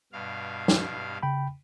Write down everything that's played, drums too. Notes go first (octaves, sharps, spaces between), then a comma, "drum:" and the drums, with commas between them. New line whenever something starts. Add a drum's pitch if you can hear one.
G2 B2 F5
drum: snare
C#3 G5 B5